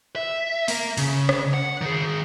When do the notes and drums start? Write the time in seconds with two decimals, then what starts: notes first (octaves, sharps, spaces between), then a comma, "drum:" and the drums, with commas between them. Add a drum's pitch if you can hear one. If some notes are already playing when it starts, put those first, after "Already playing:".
0.16 E5
0.68 A#3 A#4, drum: open hi-hat
0.98 C#3, drum: open hi-hat
1.29 drum: rim click
1.54 F#5
1.81 D#3 G#4